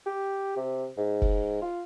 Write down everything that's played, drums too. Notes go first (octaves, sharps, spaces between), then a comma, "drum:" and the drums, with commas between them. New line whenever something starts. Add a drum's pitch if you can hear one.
G4
C3
G#2
drum: kick
F4